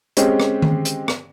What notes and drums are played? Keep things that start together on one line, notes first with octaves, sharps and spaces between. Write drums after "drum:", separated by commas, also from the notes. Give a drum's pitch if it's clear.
G#3 C4 C#4 G4, drum: hi-hat
drum: rim click
drum: tom D#3
drum: hi-hat
drum: rim click